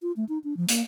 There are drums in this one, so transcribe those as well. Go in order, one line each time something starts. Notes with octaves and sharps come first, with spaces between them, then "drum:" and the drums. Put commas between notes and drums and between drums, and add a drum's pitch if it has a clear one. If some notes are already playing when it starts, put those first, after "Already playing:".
F4
A3
D#4
D4
F3
A#3, drum: hi-hat